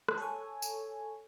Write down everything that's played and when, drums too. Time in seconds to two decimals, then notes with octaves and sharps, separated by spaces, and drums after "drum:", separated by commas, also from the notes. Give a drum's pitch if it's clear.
0.09 drum: rim click
0.18 A4 C#5 G#5
0.62 drum: tambourine